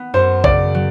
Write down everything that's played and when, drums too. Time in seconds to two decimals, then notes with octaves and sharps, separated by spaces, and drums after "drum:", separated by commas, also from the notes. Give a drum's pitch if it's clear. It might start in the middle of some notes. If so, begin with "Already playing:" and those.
Already playing: B3
0.14 F#2 C5
0.44 C#3 D5, drum: kick
0.75 F#3